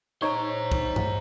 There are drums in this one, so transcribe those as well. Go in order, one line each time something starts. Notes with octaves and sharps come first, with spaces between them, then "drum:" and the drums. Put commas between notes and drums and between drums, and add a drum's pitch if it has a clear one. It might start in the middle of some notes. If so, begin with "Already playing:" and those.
D#4 C5 C#5 A#5
drum: kick
drum: tom G2